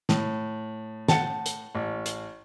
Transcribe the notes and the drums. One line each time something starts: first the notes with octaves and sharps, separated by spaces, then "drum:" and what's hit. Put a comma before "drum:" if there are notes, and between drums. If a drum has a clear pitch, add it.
A2, drum: snare
F#5 G5 A5, drum: snare
drum: hi-hat
A1
drum: hi-hat